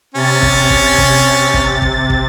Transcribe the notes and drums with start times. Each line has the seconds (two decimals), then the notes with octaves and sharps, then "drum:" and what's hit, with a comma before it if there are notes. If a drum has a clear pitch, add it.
0.15 C3 C#4 A6
0.42 drum: kick
0.70 drum: kick
0.98 drum: kick
1.54 drum: kick
1.82 drum: kick
2.10 drum: kick